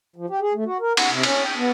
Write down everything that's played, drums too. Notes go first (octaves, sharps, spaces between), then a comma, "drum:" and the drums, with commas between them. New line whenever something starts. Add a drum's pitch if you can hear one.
F3
G4
G#4
A3
F#4
A#4
F#5, drum: cymbal
C3
C#4, drum: cymbal
G5
B3